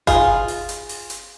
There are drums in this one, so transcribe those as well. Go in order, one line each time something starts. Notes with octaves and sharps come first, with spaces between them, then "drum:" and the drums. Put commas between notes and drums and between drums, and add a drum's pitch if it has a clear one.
F4 G#4, drum: kick G1, hi-hat
drum: open hi-hat
drum: hi-hat
drum: open hi-hat
drum: hi-hat